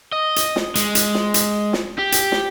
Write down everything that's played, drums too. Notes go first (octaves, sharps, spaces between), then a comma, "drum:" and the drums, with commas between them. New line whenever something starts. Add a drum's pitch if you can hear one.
D#5
drum: hi-hat
drum: snare
G#3, drum: hi-hat
drum: hi-hat
drum: snare
drum: hi-hat
drum: snare
G4
drum: hi-hat
drum: snare